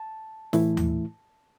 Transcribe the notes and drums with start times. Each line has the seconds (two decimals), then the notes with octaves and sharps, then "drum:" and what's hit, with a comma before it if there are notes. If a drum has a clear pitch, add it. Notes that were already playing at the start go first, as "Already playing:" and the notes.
Already playing: A5
0.53 A2 E3 A3 E4, drum: snare
0.77 drum: tom D#2